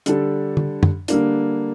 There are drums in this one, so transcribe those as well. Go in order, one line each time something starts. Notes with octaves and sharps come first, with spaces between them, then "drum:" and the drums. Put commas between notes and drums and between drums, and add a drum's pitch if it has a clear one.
D3 G3 D4 A4, drum: hi-hat
drum: tom
drum: tom F#2
D3 G3 A#3 D4, drum: hi-hat